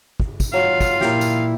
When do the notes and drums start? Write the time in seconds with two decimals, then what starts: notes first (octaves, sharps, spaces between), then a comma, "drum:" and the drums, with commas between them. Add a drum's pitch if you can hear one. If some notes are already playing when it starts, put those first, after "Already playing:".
0.20 drum: kick
0.40 drum: kick, tambourine
0.54 F#3 F4 F5
0.81 drum: kick, tambourine
1.01 A#2 E4 G4 A#4, drum: snare
1.21 drum: tambourine